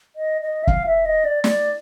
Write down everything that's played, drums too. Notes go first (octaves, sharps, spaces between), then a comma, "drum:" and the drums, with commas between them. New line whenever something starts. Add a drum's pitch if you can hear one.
D#5
D#5
E5
F5, drum: kick
E5
D#5
D5
D5, drum: snare